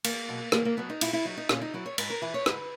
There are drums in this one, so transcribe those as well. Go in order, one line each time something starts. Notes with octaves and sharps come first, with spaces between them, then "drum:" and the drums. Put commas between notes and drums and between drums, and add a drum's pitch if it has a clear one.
E2 A#3, drum: cymbal
B2 F#3
E2 A#3, drum: rim click
A#3
B2 F#3 B3
D#4
A#2 E4, drum: cymbal
E4
F#3 D#4
D#4
A#2 C#4, drum: rim click
D#4
F#3 E4
C#5
G#2 B4, drum: cymbal
A#4
E3 B4
C#5
G#2 B4, drum: rim click